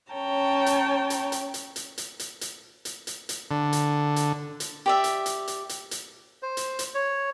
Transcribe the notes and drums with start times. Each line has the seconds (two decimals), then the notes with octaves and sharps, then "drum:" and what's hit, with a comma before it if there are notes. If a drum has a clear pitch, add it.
0.13 C#4 C#5 G5 A5 A#5
0.66 drum: hi-hat
1.10 drum: hi-hat
1.32 drum: hi-hat
1.54 drum: hi-hat
1.76 drum: hi-hat
1.98 drum: hi-hat
2.19 drum: hi-hat
2.41 drum: hi-hat
2.85 drum: hi-hat
3.07 drum: hi-hat
3.29 drum: hi-hat
3.51 D3
3.73 drum: hi-hat
4.16 drum: hi-hat
4.60 drum: hi-hat
4.86 G4 D5 E5
5.04 drum: hi-hat
5.26 drum: hi-hat
5.48 drum: hi-hat
5.69 drum: hi-hat
5.91 drum: hi-hat
6.43 C5
6.57 drum: hi-hat
6.79 drum: hi-hat
6.94 C#5